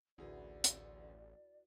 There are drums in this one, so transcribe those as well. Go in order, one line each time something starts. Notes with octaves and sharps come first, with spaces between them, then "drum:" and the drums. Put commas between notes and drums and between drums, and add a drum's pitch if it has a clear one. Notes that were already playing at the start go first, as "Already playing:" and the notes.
A1 D2 E4 F#4 G#4 B4 D5
drum: hi-hat